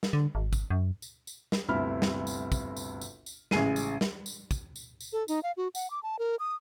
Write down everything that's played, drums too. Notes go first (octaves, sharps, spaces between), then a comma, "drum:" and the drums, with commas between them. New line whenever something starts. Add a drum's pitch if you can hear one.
drum: snare
D3
G#1
drum: kick, tambourine
F#2
drum: tambourine
drum: tambourine
drum: snare
G1 D2 C3 E4 B5 F6
drum: snare
drum: tambourine
drum: kick, tambourine
drum: tambourine
drum: tambourine
drum: tambourine
A1 C#3 G#3 G#5 C7 D#7, drum: snare
drum: tambourine
drum: snare
drum: tambourine
drum: kick, tambourine
drum: tambourine
drum: tambourine
A4
D#4, drum: tambourine
F5
F#4
F#5, drum: tambourine
D6
A5
A#4
D#6